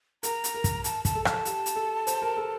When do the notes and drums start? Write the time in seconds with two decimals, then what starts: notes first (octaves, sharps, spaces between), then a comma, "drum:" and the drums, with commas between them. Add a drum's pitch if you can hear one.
0.23 A#4 A#5, drum: hi-hat
0.44 drum: hi-hat
0.55 A#4
0.64 drum: kick, hi-hat
0.84 A5, drum: hi-hat
1.05 A5, drum: kick, hi-hat
1.15 A4
1.25 A5, drum: rim click
1.45 G4, drum: hi-hat
1.66 drum: hi-hat
1.76 A4
2.07 C5, drum: hi-hat
2.22 A#4
2.37 A4